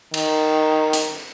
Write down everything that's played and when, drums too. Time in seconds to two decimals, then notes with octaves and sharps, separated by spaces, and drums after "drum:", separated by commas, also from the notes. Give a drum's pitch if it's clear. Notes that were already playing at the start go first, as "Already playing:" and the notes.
0.14 D#3, drum: cymbal
0.93 drum: hi-hat